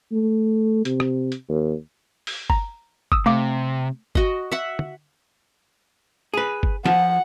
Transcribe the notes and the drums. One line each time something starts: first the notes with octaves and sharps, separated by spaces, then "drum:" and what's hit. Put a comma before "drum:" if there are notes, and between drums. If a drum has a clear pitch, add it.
A3
C3, drum: hi-hat
drum: rim click
drum: hi-hat
D#2
drum: open hi-hat
A#5, drum: kick G1
D#6 E6, drum: kick G1
C3 A3 F5 D6
F#4 D#5, drum: kick G1
E5 F#5
drum: tom
G#4 B4
drum: kick G1
F3 F#5, drum: snare